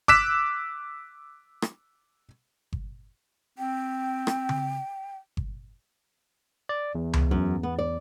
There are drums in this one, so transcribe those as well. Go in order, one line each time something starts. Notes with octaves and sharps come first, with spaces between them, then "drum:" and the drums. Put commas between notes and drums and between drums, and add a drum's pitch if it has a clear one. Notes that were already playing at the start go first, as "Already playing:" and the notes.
D6 E6 F#6 B6 E7, drum: kick G1
drum: rim click
drum: kick G1
C4 G5
drum: rim click
drum: tom C#3
drum: kick G1
D5
E2
drum: tom C#2
F#2
B3
D5